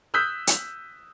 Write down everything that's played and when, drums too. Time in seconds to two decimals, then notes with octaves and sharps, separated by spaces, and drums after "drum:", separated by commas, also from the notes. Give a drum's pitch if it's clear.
0.14 D#6 E6 F#6 G6 B6
0.47 drum: hi-hat